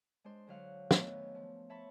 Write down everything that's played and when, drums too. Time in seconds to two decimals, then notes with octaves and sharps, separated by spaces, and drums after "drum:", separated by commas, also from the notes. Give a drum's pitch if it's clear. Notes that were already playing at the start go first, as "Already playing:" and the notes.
0.24 G#3 D4 C5
0.47 D3 F#3 F5 F#5
0.91 D#3 F#3 A3 B3 C#4 D4, drum: snare
1.35 F3
1.69 C#5 E5 A5 B5 C#6